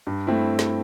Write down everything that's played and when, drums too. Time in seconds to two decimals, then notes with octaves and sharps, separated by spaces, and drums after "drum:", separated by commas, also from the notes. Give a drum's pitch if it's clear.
0.07 G2
0.27 A3 C4 E4
0.59 drum: snare